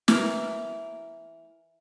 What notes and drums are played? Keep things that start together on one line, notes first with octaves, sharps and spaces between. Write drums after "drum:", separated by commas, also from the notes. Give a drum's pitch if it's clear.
E3 A#4, drum: snare